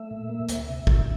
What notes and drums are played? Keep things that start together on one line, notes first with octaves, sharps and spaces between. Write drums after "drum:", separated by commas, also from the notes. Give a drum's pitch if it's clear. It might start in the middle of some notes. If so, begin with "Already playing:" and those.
Already playing: A3 E5
A#2
A#3
D2, drum: hi-hat
C3
D3, drum: kick